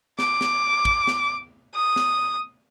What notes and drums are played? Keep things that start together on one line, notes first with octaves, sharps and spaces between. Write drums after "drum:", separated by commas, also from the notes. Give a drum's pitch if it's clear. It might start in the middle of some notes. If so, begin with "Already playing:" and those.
D6, drum: snare
drum: snare
drum: kick
drum: snare
D#6
drum: snare